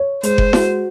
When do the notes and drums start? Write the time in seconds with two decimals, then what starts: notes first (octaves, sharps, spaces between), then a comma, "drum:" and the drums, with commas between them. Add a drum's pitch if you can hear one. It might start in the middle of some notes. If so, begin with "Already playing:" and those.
Already playing: C#5
0.23 G#3 C5, drum: hi-hat
0.38 drum: kick F#1
0.53 F#4, drum: snare E4